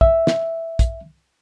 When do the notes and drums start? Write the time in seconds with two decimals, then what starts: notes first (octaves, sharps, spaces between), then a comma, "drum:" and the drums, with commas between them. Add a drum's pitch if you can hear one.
0.01 E5, drum: kick
0.27 drum: snare
0.79 drum: kick, hi-hat